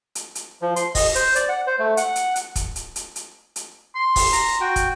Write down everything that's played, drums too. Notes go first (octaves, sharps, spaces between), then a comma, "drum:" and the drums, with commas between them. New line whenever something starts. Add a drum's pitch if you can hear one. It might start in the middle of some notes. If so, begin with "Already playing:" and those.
drum: hi-hat
drum: hi-hat
F3
C6, drum: hi-hat
D#5, drum: kick, open hi-hat
C5, drum: hi-hat
D5, drum: hi-hat
F#5
C5
A3
F#5, drum: hi-hat
drum: hi-hat
drum: hi-hat
drum: kick, hi-hat
drum: hi-hat
drum: hi-hat
drum: hi-hat
drum: hi-hat
C6
drum: kick, open hi-hat
A#5, drum: hi-hat
F#4 G5
drum: kick, hi-hat